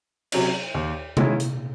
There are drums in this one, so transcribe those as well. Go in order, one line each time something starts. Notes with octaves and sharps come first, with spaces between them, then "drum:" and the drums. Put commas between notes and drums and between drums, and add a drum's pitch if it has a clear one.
C3 F#3 C#4, drum: cymbal
D#2
D#3 G#3 C#4 E4, drum: tom C3
drum: hi-hat